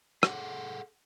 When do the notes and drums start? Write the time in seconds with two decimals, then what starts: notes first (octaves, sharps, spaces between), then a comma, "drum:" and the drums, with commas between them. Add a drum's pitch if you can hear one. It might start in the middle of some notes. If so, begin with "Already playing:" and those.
0.23 G#4 A4 F#5, drum: rim click